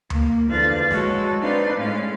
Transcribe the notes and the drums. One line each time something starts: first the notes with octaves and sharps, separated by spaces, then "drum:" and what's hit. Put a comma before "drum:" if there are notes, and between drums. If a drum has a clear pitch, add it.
A#3, drum: tom D2
E2 D3 F3 F5 F#6 A6
G#3 F#4 A4 C#5, drum: snare
C4 D4 D#4 B4 F5 C6
A2 G#3 C#4 F5